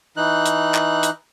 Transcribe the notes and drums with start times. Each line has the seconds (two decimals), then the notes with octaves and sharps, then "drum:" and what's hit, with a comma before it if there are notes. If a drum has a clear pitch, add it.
0.17 E3 D#4 F#6
0.46 drum: hi-hat
0.74 drum: clap
1.03 drum: hi-hat